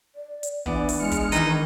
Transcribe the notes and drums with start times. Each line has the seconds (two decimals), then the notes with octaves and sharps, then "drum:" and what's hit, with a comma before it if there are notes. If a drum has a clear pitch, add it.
0.15 D5
0.43 drum: hi-hat
0.66 E3 B3 D4 D5, drum: kick
0.89 drum: open hi-hat
0.99 G#3 F6 C#7
1.11 drum: kick, hi-hat
1.32 D#3 E3 D#4, drum: hi-hat